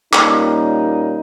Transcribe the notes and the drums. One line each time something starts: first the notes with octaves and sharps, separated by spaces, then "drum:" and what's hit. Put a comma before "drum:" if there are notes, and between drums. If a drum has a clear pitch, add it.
A#2 G3 A#3 C#4 D#4, drum: clap